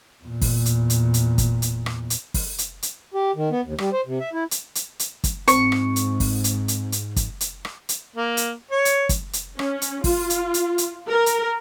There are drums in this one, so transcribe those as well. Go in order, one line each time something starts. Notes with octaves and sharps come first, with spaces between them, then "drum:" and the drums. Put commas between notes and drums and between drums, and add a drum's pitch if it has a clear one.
E2 A#2
drum: kick F#1, open hi-hat
drum: hi-hat
drum: hi-hat
drum: hi-hat
drum: kick F#1, hi-hat
drum: hi-hat
drum: rim click
drum: hi-hat
drum: kick F#1, open hi-hat
drum: hi-hat
drum: hi-hat
G4
D#3
B3
D#2
G3, drum: rim click
C5
C3
E5
E4
drum: hi-hat
drum: hi-hat
drum: hi-hat
drum: kick F#1, hi-hat
G#2 C4 C#6, drum: hi-hat
drum: rim click
drum: hi-hat
drum: kick F#1, open hi-hat
drum: hi-hat
drum: hi-hat
drum: hi-hat
drum: kick F#1, hi-hat
drum: hi-hat
drum: rim click
drum: hi-hat
A#3
drum: hi-hat
C#5
drum: hi-hat
drum: kick F#1, hi-hat
drum: hi-hat
C#4, drum: rim click
drum: hi-hat
F4, drum: kick F#1, open hi-hat
drum: hi-hat
drum: hi-hat
drum: hi-hat
A#4
drum: hi-hat